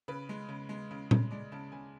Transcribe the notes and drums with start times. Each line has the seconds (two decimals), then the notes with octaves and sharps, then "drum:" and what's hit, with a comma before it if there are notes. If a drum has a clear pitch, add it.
0.08 C#3 B4
0.29 G#3
0.48 C#3
0.69 G#3
0.91 C#3
1.11 C#3, drum: tom A#2
1.31 G#3 D5
1.52 C#3 A5
1.72 C#3 G#5